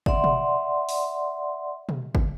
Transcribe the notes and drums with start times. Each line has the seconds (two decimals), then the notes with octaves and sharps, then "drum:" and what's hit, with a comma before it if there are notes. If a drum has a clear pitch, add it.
0.06 D5 E5 F#5 C6, drum: kick G1
0.24 drum: tom B2
0.89 drum: open hi-hat
1.89 drum: tom B2
2.15 drum: kick G1